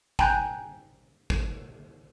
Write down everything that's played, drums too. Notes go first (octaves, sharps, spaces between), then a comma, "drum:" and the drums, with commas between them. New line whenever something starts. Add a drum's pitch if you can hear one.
G5 G#5 A#5 F#6 G6, drum: kick
drum: kick